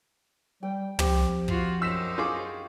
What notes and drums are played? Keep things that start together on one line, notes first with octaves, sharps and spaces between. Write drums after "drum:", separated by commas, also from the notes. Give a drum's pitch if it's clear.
G3 G5
F3 C4 G4 G5, drum: tom
F4 F#4, drum: kick
F#2 D#4 C5 E6 B6 E7
F4 G#4 C#5 D6